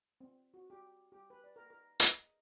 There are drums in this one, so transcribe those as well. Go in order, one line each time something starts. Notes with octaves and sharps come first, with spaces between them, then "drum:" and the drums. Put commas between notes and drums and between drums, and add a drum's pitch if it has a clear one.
C4
F#4
G4
G4
B4
D5
A#4
A#4
D#5, drum: hi-hat